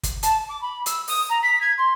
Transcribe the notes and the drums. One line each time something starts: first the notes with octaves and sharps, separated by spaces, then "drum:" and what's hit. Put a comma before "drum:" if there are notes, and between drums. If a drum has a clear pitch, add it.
drum: kick, hi-hat
A5, drum: hi-hat
D6
B5
E6, drum: hi-hat
D#6, drum: open hi-hat
A#5
B6
G#6
C6